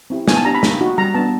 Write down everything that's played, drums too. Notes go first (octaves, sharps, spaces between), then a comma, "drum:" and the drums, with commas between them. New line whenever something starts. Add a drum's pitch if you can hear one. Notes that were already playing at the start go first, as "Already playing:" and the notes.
C4 E4 G4
B3 G#5, drum: snare
A5
D4 G4 A#5
B5
A#3, drum: snare
D#4 F#4
G3 A#5
B3 D4 A5